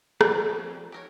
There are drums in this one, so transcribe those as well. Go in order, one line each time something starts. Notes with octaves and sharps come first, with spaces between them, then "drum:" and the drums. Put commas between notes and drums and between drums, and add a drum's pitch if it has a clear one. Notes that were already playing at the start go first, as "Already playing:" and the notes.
F3 G3 C4, drum: rim click
G4 A#4 C#5